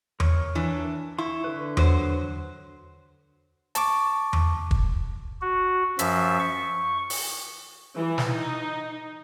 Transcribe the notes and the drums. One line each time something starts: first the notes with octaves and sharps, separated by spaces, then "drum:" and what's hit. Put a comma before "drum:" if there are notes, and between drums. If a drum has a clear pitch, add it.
A#4 C#5, drum: tom E2
E3 D4
E4 C6 C#6
D3 A4 B4
F#3 C5, drum: tom E2
A5 C#6 D6, drum: hi-hat
drum: tom E2
drum: kick
F#4
F#2 F3 E5, drum: hi-hat
C#6
drum: open hi-hat
E3
drum: snare
D#4